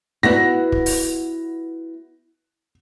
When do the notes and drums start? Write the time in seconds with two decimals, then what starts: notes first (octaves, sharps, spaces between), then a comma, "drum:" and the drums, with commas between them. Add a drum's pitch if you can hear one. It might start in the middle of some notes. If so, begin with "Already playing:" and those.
0.23 B3 E4 F#4 A#6
0.72 drum: kick
0.86 drum: open hi-hat